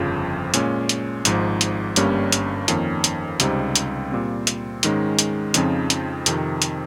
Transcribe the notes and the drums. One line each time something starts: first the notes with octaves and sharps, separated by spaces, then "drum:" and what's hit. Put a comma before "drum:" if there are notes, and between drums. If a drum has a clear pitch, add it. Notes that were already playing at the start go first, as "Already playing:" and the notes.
Already playing: G1 F2 C#3 F3 C4
A#2 G#3 C#4, drum: hi-hat
drum: hi-hat
G#1 G#2 F3, drum: hi-hat
drum: hi-hat
G1 G2 G3 A#3 C#4, drum: hi-hat
drum: hi-hat
F2 D#3 A#3 C#4, drum: hi-hat
drum: hi-hat
C#2 C3 G3 C4 D#4, drum: hi-hat
drum: hi-hat
A#2 G3 C4
drum: hi-hat
G#2 D#3 G#3 C#4, drum: hi-hat
drum: hi-hat
F2 C#3 F3 C4 D#4, drum: hi-hat
drum: hi-hat
F2 C3 D#3, drum: hi-hat
drum: hi-hat